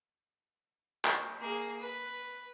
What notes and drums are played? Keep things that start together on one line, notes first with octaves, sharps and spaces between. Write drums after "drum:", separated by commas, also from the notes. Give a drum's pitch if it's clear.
drum: clap
A#3 G#4
B4